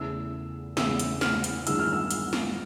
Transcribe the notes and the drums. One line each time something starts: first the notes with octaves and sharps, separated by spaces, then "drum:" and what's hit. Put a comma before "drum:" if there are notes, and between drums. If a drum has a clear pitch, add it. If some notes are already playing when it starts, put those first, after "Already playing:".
Already playing: E2 C#3 E3 A3 E6
E2 C#3 E3 A3 E6, drum: snare
drum: hi-hat
F6, drum: snare
drum: hi-hat
A1 G2 D#3 G#3 E6, drum: hi-hat
F6
E6
drum: hi-hat
drum: snare